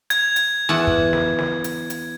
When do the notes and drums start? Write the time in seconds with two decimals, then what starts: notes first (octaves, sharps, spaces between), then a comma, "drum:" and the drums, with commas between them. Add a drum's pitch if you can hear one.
0.10 G#6, drum: hi-hat
0.36 drum: hi-hat
0.69 E2 F#5 A5
0.87 drum: kick
1.13 drum: snare
1.39 drum: snare
1.64 drum: hi-hat
1.90 drum: hi-hat